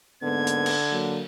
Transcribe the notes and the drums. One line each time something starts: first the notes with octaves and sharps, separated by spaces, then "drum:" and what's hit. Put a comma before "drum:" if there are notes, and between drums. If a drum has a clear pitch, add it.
G#2 D3 A#3 B3 G#6
drum: hi-hat
drum: cymbal
F#3 A#3